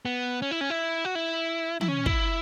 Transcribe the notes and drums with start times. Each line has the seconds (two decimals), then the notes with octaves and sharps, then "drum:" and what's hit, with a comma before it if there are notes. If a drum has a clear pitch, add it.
0.05 B3
0.42 C#4
0.51 E4
0.61 C#4
0.70 E4
1.05 F#4
1.15 E4
1.81 E4, drum: tom
1.88 C#4
2.06 E4, drum: kick